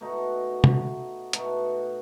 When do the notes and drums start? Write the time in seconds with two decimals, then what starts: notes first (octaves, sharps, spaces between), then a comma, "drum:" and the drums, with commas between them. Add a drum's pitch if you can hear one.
0.01 B2 A3 D#4 F#4
0.64 drum: tom
1.33 B2 A3 D#4 F#4, drum: hi-hat